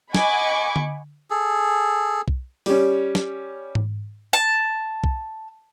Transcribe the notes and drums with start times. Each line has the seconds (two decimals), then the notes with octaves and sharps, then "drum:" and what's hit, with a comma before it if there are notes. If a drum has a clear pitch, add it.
0.15 D#5 F#5 G#5 B5 C#6 D6, drum: snare
0.76 drum: tom D3
1.30 G#4 A4
2.28 drum: kick B1
2.66 G3 C#4, drum: open hi-hat
3.15 drum: snare
3.75 drum: tom G#2
4.33 A5
5.04 drum: kick B1